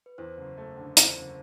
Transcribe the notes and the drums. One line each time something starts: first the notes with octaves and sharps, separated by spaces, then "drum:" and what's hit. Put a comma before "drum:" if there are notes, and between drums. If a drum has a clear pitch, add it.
B4
E2 C5
F#1
A3
D3
E2 C5, drum: hi-hat
F#1